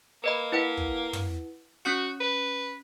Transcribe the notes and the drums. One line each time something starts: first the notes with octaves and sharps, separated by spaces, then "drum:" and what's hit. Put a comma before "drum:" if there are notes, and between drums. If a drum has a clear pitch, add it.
A#3 B4 D#5 B5
E4 B4 F#5
drum: kick
drum: tom
C#4 F#4 F#6 C#7
B4